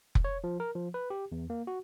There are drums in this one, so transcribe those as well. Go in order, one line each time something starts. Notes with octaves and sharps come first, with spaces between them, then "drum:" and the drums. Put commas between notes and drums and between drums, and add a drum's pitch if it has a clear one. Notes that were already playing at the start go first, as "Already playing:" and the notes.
drum: kick F1
C#5
F3
A#4
F3
B4
G4
E2
A#3
F#4